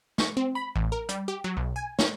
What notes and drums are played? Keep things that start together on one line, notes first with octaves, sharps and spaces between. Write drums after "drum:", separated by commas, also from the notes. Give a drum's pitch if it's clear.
C#6, drum: snare
C4
B5
A1
A#4
G3, drum: hi-hat
G4
F#3
B1
G#5
C#5, drum: snare